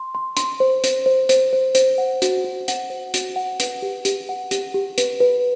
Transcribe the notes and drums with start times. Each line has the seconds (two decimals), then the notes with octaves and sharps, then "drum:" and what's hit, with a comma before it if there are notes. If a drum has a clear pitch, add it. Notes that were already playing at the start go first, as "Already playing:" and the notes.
Already playing: C6
0.15 C6
0.37 C6, drum: hi-hat
0.60 C5
0.84 C5, drum: hi-hat
1.06 C5
1.29 C5, drum: hi-hat
1.53 C5
1.75 C5, drum: hi-hat
1.98 F#5
2.22 F#4, drum: hi-hat
2.44 F#4
2.68 F#5, drum: hi-hat
2.90 C5
3.14 F#4, drum: hi-hat
3.36 F#5
3.60 B4, drum: hi-hat
3.82 G4
4.05 G4, drum: hi-hat
4.29 F#5
4.51 G4, drum: hi-hat
4.74 G4
4.98 B4, drum: hi-hat
5.20 B4